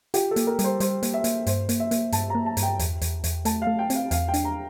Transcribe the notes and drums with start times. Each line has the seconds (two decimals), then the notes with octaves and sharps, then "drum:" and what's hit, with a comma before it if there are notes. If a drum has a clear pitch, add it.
0.14 F4 G4, drum: hi-hat
0.31 A4
0.36 A#3, drum: hi-hat
0.47 A#4
0.59 G3, drum: hi-hat
0.64 C5
0.80 G3 C5, drum: hi-hat
1.03 A#3, drum: hi-hat
1.14 E5
1.24 A#3, drum: hi-hat
1.47 G2 C5, drum: hi-hat
1.69 A#3, drum: hi-hat
1.80 E5
1.91 A#3, drum: hi-hat
2.12 G2 A5, drum: hi-hat
2.30 A#5
2.35 A#3
2.46 A5
2.57 G2, drum: hi-hat
2.63 G5
2.79 E2, drum: hi-hat
3.01 E2, drum: hi-hat
3.24 E2, drum: hi-hat
3.45 A3 A5, drum: hi-hat
3.62 F5
3.67 A3
3.79 G5
3.90 C4, drum: hi-hat
3.95 F5
4.11 E2 F5, drum: hi-hat
4.28 G5
4.34 D4, drum: hi-hat
4.45 A#5